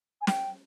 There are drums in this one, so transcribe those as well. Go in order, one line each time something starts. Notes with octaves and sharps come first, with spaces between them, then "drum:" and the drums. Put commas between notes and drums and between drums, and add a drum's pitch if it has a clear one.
G#5
G5, drum: snare